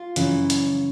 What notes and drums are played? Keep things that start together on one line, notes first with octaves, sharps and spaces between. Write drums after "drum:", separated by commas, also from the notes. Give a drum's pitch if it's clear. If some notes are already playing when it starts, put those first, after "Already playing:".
Already playing: F4
F#2 C#3 E3, drum: hi-hat
drum: hi-hat